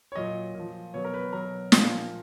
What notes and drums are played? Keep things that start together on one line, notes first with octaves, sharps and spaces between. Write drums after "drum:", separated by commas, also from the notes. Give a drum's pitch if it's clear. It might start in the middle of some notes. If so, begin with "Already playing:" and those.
C#5
A#2 F#3 D#5
A#2 F3
B2 F#3 C#5
A#4
B4
B2 F#3 A#4
A#2 F3, drum: snare